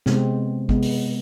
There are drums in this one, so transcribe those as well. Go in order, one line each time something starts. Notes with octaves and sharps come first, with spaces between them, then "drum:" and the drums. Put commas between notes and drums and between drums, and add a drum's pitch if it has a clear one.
C3 G#3 B3 C4, drum: snare
C3 G#3 B3, drum: kick G#1
drum: open hi-hat